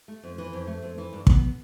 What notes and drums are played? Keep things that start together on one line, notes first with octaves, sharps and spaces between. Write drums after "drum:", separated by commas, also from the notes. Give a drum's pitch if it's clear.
A3
F2
E3
F2
A3
F2
E3
G2
B3, drum: kick